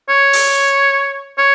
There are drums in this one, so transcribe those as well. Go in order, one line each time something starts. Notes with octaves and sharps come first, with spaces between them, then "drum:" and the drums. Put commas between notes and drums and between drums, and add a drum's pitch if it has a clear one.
C#5
drum: open hi-hat
C#5